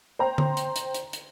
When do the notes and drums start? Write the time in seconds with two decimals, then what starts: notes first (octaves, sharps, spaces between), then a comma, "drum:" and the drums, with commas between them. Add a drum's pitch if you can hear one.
0.19 C5 G5 A#5 C6
0.38 drum: tom D3
0.57 drum: hi-hat
0.76 drum: hi-hat
0.94 drum: hi-hat
1.13 drum: hi-hat